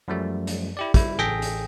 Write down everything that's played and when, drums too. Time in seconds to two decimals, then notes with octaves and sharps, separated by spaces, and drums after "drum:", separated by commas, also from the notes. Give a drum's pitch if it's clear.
0.08 F#2 F3 G3 A3
0.47 drum: hi-hat
0.77 E4 G4 D5
0.94 G3 E4, drum: kick, hi-hat
1.18 A1 G#4 A4 G5 A#6 B6
1.42 drum: hi-hat